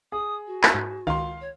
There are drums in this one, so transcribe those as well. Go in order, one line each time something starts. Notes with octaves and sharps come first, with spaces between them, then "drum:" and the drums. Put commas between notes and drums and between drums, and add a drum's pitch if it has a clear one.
G#4 D#6
F#4
drum: clap
G#2
C#2 D#3 F5 C6
C#5